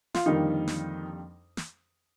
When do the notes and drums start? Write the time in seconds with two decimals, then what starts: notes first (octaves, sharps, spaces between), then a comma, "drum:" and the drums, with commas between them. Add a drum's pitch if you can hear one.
0.14 F4, drum: snare
0.26 F2 D3 D#3 G3 A#3 D#4
0.68 drum: snare
1.57 drum: snare